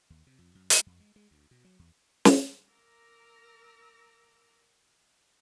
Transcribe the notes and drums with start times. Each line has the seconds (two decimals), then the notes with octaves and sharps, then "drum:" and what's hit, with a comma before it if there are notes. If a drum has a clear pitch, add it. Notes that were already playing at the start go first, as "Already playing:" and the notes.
0.10 D#2
0.27 C3
0.39 F2
0.55 F#2
0.70 G#3, drum: hi-hat
0.86 F2
1.00 G#3
1.16 G#3
1.31 D2
1.51 B2
1.65 F#3
1.79 E2
2.25 drum: snare
2.70 A#4 A#5 D6 E6 F6 A#6